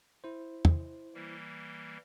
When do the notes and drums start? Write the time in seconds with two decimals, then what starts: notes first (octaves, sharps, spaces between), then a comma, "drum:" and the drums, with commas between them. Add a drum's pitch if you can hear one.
0.24 E4 C5
0.65 drum: tom
1.14 E3 G3 A#3